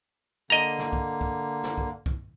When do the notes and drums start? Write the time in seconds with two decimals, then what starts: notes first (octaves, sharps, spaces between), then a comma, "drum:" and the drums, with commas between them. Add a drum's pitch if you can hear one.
0.50 D3 A#3 D#5 A#5
0.79 drum: snare
0.93 drum: kick
1.21 drum: kick
1.63 drum: snare
1.78 drum: kick
2.06 drum: kick